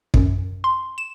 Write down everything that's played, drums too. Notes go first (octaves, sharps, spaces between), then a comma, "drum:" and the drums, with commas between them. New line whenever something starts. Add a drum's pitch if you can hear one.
F#2, drum: kick
C6
E7